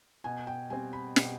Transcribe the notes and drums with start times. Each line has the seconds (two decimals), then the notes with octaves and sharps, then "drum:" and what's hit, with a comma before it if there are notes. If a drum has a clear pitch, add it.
0.24 B2 G#5
0.47 G5
0.70 G3 C4 G#5
0.93 B5
1.16 B2, drum: snare